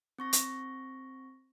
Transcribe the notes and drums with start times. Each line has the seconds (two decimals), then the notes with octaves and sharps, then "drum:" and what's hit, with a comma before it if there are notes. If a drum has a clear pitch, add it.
0.19 C4 C#6 A#6
0.33 drum: hi-hat